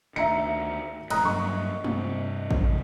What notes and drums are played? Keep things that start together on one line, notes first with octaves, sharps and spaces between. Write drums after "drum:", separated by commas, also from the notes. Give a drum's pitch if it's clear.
D2 D#3 E5 A#5 C#7
F1 A2 A#5 D#6 F#6, drum: cymbal
G2 F#3 A#3 D#5 C#6
G2 C3, drum: tom G#3
drum: kick A1